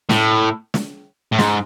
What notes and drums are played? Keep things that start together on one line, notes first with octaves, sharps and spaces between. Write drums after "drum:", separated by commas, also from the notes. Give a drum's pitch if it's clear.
A2, drum: snare
drum: snare
A2
G#2, drum: snare